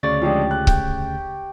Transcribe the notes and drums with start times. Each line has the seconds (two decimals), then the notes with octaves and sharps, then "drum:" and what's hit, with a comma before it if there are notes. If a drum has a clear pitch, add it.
0.03 D2 C#3 C#5 D5 A6
0.22 F3 G#3 D4 G4 G5
0.51 F#6
0.67 G5, drum: kick C#1